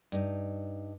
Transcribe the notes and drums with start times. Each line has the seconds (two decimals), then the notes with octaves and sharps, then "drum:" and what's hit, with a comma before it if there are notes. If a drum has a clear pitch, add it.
0.12 G2 D#4, drum: hi-hat